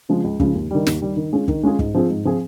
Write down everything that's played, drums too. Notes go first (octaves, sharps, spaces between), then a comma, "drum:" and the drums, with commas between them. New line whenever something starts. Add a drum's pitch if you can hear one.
C#3 F3 G#3
C#2
C#3 F3 G#3, drum: kick
D#2
D#3 G3
D#2, drum: snare
D#3 G3
D#3
G#3 C#4 F4 G#4
D#3, drum: kick
G#3 C#4 F4 G#4
G#2, drum: kick
F3 C4 F4 G#4
G#2
F3 C4 F4 G#4